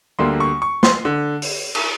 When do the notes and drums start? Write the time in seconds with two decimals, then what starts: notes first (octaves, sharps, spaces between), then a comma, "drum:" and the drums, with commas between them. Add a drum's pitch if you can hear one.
0.19 D2 D3 G3 A#3 C6
0.40 C#6
0.62 C#6
0.83 C6, drum: snare
1.05 D3
1.42 drum: open hi-hat
1.75 drum: cymbal